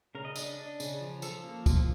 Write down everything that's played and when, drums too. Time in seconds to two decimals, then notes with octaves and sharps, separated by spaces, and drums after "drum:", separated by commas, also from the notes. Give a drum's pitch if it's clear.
0.15 C#3 A#4
0.25 D#5
0.36 D4 D#5, drum: tambourine
0.58 D4
0.80 C#3, drum: tambourine
1.01 F3
1.22 F3 A4, drum: tambourine
1.44 A#3
1.66 F3, drum: kick, tambourine